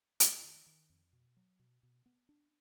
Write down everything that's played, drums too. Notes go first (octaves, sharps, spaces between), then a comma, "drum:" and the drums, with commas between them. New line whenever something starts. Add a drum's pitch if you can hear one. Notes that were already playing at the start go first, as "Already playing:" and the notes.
F2, drum: hi-hat
D#3
D#3
F2
B2
F#3
B2
B2
B3
D4